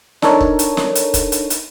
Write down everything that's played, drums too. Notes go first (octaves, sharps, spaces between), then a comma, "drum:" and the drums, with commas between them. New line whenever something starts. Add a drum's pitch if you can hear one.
D4 D#4 A4 A#4 C#5, drum: snare
drum: kick
drum: hi-hat
drum: snare
drum: hi-hat
drum: kick, hi-hat
drum: hi-hat
drum: hi-hat